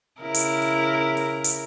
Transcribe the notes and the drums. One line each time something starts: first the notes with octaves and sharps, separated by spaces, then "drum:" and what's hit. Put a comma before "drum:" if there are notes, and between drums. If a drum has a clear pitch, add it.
C#3 E4 A#4
drum: hi-hat
drum: open hi-hat
drum: open hi-hat
drum: hi-hat